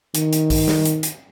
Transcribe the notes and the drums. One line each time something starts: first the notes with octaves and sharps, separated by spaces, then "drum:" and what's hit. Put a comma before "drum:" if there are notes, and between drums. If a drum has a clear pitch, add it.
D#3, drum: hi-hat
drum: hi-hat
drum: kick A#1, open hi-hat
drum: snare
drum: hi-hat
drum: hi-hat